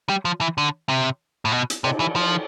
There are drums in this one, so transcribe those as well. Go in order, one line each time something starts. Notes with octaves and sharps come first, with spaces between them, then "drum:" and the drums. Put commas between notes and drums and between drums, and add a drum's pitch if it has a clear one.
G3
F3
E3
D3
C3
A2
B2
drum: hi-hat
C3, drum: cymbal
E3
F3